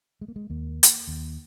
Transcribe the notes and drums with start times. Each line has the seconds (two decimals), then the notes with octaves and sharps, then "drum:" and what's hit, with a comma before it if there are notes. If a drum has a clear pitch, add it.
0.21 G#3
0.28 A#3
0.36 G#3
0.50 D#2 A#3
0.83 drum: hi-hat
1.08 D#2